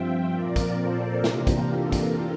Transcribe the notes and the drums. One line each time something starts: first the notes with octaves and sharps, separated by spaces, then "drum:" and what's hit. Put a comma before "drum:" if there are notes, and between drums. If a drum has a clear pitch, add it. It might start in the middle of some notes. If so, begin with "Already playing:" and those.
Already playing: G2 F3 C4 F4 E5 G5
A#2 F3 C4 F4 A#4 D5
drum: kick, hi-hat
A4 C5
C3 E3 A#3 D4 F4 G4 A#4, drum: snare
drum: kick, hi-hat
A4
drum: kick, hi-hat